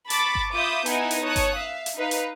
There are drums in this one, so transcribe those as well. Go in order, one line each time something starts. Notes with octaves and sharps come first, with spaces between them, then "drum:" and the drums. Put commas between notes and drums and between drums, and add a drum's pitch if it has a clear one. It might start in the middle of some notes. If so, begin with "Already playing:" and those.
A5 B5 C#6 D6 A6, drum: hi-hat
drum: kick G1
F4 E5 B5 D6 D#6 G6
B3 D#4 E4 F#5 G#5, drum: hi-hat
drum: hi-hat
C#5 A5 D#6 F#6
drum: kick G1, hi-hat
E5 F5
drum: hi-hat
D#4 B4 F5
drum: hi-hat